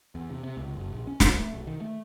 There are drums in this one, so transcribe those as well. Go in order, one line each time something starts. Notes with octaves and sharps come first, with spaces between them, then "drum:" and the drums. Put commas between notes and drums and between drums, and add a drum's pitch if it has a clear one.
E2
C3
C3
C#2
F#1
A#1
C#4
C2, drum: snare
A3
B1
D#3
A3